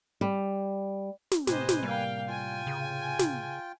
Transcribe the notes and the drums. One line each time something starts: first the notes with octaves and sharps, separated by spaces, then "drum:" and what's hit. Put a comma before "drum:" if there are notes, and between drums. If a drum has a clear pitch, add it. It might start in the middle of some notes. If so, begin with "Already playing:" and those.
G3
drum: snare
A2 C3 G4 B4 C5 D#5 G#5, drum: snare
drum: snare
G3 A#3 F5 G5
F4 G5 G#5
C#3
drum: snare